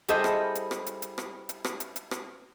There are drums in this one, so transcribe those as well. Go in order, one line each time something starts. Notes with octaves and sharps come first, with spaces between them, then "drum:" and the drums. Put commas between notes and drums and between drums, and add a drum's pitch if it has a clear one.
G3 E4 G#4 A4 C5 D#5, drum: hi-hat
drum: rim click
drum: hi-hat
drum: rim click
drum: hi-hat
drum: hi-hat
drum: rim click
drum: hi-hat
drum: rim click
drum: hi-hat
drum: hi-hat
drum: rim click